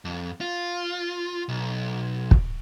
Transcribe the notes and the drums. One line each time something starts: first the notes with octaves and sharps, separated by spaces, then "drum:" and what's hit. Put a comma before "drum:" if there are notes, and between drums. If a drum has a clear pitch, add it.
F2
F4
B1
drum: kick